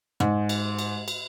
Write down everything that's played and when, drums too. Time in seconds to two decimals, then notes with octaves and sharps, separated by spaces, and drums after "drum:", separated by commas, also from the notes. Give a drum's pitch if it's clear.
0.20 G#2, drum: rim click
0.49 drum: cymbal
0.78 drum: cymbal
1.08 drum: cymbal